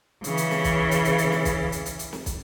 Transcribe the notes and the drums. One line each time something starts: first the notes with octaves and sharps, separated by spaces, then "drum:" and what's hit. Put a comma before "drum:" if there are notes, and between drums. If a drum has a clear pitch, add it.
C#3 E3, drum: hi-hat
drum: hi-hat
drum: snare
drum: kick, hi-hat
drum: hi-hat
drum: hi-hat
drum: hi-hat
drum: snare
drum: kick, hi-hat
drum: hi-hat
drum: hi-hat
drum: hi-hat
drum: snare
drum: kick, hi-hat